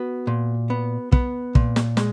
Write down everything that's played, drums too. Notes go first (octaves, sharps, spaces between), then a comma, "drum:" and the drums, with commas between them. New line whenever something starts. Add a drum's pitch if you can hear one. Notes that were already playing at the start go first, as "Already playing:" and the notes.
Already playing: B3 F#4
A#2
B3
B3, drum: kick
A#2, drum: kick
drum: snare
G#3, drum: snare